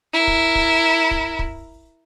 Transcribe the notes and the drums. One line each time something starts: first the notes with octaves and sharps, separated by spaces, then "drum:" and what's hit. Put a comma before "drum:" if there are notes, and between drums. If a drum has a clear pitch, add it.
E4 A#4
drum: kick
drum: kick
drum: kick
drum: kick